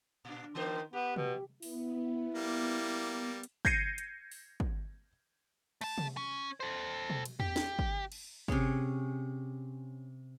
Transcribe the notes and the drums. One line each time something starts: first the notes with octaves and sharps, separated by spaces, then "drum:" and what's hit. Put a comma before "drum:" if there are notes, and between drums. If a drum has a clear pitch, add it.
A#2 D4
D#3 E3 B3 C5
B3 G4
B2, drum: tom C3
B3 E4, drum: open hi-hat
G3 A#3
drum: hi-hat
G6 G#6 A#6 C7 C#7 D#7, drum: kick
drum: hi-hat
drum: open hi-hat
drum: kick
A3 A5, drum: cymbal
drum: tom C3
C#4
A4 C5
drum: tom B2
drum: cymbal
G4, drum: tom E2
drum: snare
drum: kick
drum: cymbal
C3 C#4 G#4 C#5, drum: kick